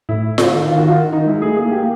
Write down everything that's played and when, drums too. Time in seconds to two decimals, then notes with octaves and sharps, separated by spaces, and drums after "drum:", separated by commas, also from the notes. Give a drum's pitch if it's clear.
0.09 A2 E4
0.38 D3, drum: snare F4
0.53 D#3
0.68 F4
0.78 F#4
0.87 F4
1.13 D#4
1.27 G#3 E4
1.41 A3 G#4
1.57 A#3 G#4
1.72 G4